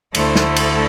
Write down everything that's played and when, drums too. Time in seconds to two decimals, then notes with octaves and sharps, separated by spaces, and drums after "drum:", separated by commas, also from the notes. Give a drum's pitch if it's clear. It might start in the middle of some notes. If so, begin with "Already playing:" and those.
0.15 D2 D3 A3 E4 C5, drum: cymbal
0.36 drum: snare
0.56 drum: cymbal